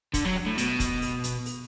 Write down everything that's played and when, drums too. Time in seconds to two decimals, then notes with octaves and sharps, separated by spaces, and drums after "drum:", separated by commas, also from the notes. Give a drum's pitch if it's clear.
0.14 D3, drum: kick, hi-hat
0.25 F#3
0.36 drum: rim click
0.46 A2
0.58 B2, drum: hi-hat
0.80 drum: kick, hi-hat
1.02 drum: open hi-hat
1.24 drum: hi-hat
1.46 drum: open hi-hat